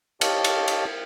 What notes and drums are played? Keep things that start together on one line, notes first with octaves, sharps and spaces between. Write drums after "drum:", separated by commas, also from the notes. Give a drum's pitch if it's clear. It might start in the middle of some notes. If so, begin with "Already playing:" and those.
G4 C#5 D#5 F5 A5, drum: cymbal
drum: cymbal
drum: cymbal